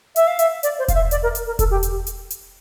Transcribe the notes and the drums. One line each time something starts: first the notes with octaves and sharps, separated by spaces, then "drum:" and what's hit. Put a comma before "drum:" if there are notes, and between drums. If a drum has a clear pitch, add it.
E5, drum: hi-hat
F5
E5, drum: hi-hat
D5, drum: hi-hat
C5
F5, drum: kick E1, hi-hat
E5
D5, drum: hi-hat
A#4
drum: hi-hat
A#4
A4, drum: kick E1, hi-hat
G4
drum: hi-hat
drum: hi-hat
drum: hi-hat